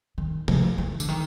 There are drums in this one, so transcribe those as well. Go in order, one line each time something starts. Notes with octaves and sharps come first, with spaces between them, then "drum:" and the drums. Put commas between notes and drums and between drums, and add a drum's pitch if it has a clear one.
D#3
F3, drum: tom C3
E3
D3, drum: tambourine
D#3